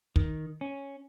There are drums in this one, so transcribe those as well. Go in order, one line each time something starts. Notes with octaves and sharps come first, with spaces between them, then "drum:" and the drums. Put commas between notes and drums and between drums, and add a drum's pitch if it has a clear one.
D#3, drum: kick
C#4